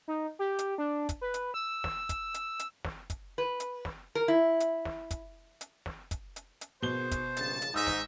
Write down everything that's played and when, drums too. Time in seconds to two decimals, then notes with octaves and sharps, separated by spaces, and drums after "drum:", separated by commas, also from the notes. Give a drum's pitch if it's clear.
0.08 D#4
0.39 G4
0.59 drum: hi-hat
0.78 D4
1.09 drum: kick, hi-hat
1.21 B4
1.34 drum: hi-hat
1.54 E6
1.84 drum: snare
2.09 drum: kick, hi-hat
2.34 drum: hi-hat
2.59 drum: hi-hat
2.85 drum: snare
3.10 drum: kick, hi-hat
3.38 B4
3.60 drum: hi-hat
3.85 drum: snare
4.15 A#4
4.28 E4
4.60 drum: hi-hat
4.85 drum: snare
5.11 drum: kick, hi-hat
5.61 drum: hi-hat
5.86 drum: snare
6.11 drum: kick, hi-hat
6.36 drum: hi-hat
6.61 drum: hi-hat
6.82 G#1 B2 C5 G7
7.11 drum: kick, hi-hat
7.37 A#1 G2 C#3 A5, drum: hi-hat
7.62 drum: hi-hat
7.74 G#2 D#4 E5 D#6 E6 A#6
7.87 drum: snare